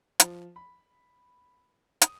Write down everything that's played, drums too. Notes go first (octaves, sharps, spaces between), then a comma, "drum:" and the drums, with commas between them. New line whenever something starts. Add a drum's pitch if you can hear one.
F3, drum: hi-hat
B5
D#6, drum: hi-hat